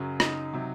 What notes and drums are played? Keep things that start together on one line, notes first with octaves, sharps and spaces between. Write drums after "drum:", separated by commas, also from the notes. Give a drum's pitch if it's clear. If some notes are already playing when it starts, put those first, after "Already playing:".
Already playing: F#2 C#3 F#3
D#4, drum: rim click
C3 F#3